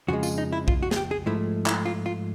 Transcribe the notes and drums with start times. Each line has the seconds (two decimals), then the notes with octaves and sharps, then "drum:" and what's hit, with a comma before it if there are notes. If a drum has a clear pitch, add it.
0.08 F2 C#3 F3 G#3 F#4
0.23 F4, drum: tambourine
0.38 D#4
0.52 E4
0.68 F4, drum: kick
0.83 F#4
0.91 G#4, drum: snare
0.96 G4
1.11 G#4
1.26 G#2 F3 A3 E4
1.66 E4, drum: clap
1.86 F4
2.06 F4